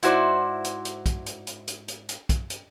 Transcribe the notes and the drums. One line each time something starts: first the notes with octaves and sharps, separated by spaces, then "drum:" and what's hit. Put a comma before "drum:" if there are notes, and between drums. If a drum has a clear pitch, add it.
G#2 E4 F#4 C5 D5, drum: hi-hat
drum: hi-hat
drum: hi-hat
drum: kick, hi-hat
drum: hi-hat
drum: hi-hat
drum: hi-hat
drum: hi-hat
drum: hi-hat
drum: kick, hi-hat
drum: hi-hat